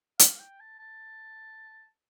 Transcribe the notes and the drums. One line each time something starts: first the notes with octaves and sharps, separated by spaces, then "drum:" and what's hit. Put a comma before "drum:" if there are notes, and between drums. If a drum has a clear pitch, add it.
F5, drum: hi-hat
F5
G5
A5
A5